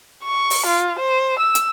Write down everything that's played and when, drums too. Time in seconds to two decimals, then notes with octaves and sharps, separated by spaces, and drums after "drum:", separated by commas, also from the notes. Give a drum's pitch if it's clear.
0.24 C#6
0.50 drum: open hi-hat
0.66 F4
0.99 C5
1.39 E6
1.55 drum: hi-hat